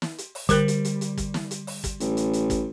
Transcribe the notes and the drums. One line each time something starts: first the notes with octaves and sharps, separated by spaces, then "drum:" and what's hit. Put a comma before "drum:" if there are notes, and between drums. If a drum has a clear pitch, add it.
drum: snare
drum: hi-hat
drum: open hi-hat
D3 G3 A#4 F#6, drum: kick, hi-hat
drum: hi-hat
drum: hi-hat
drum: hi-hat
drum: kick, hi-hat
drum: snare
drum: hi-hat
drum: open hi-hat
drum: kick, hi-hat
A1, drum: hi-hat
drum: hi-hat
drum: hi-hat
drum: kick, hi-hat